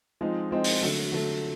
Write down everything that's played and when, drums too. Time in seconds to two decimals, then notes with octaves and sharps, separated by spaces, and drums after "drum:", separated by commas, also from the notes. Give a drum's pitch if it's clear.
0.21 F3 G#3 C4 D#4
0.51 F3 G#3 C4 D#4
0.64 drum: open hi-hat
0.82 D3 F#3 A3
1.12 D3 F#3 A3